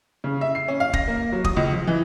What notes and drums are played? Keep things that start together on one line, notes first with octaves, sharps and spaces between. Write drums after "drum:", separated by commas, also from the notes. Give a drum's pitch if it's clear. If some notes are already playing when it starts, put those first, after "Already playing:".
C#3
E5
C7
C#4
F5
A#6, drum: kick
A#3
F#3
D#6, drum: kick
C#2
F3
E3